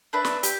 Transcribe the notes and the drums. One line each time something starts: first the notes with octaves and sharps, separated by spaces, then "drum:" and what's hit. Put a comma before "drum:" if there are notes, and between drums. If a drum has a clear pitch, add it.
D4 B4 E5
drum: snare
G4, drum: hi-hat